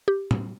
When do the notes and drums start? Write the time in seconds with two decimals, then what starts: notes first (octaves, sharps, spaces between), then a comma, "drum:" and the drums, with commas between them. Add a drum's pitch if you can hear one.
0.08 G4
0.31 drum: tom A2